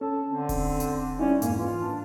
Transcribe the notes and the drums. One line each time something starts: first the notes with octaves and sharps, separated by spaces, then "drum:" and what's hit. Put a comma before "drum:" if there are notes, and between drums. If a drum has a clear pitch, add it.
C#4 A4
D3 C4
drum: kick E1, open hi-hat
drum: hi-hat
G3 C#4 D#4 E4 D5
F2 G#2 A#3, drum: hi-hat
E3 F4
D4